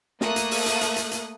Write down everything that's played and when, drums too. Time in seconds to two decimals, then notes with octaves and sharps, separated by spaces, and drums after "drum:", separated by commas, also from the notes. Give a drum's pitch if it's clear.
0.21 A3 A#3 D#6 F#6, drum: snare
0.36 drum: hi-hat
0.51 drum: open hi-hat
0.66 drum: hi-hat
0.81 drum: hi-hat
0.96 drum: hi-hat
1.11 drum: hi-hat